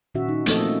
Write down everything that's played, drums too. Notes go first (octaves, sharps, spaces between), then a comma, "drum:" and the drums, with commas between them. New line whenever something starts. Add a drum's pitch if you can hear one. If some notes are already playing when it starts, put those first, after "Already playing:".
A#2 D#3 C#4 F#4 E5
D#4
F3 A3 A#3 C4 A4 D#5, drum: hi-hat
C#4